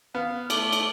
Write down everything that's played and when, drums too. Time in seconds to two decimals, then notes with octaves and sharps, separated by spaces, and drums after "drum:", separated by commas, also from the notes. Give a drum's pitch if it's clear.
0.15 B3 F5 F6
0.50 A3 D6 G7, drum: cymbal
0.73 drum: cymbal